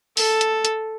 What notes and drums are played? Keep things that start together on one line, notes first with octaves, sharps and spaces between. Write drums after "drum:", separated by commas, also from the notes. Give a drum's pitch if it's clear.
A4, drum: open hi-hat
drum: hi-hat
drum: hi-hat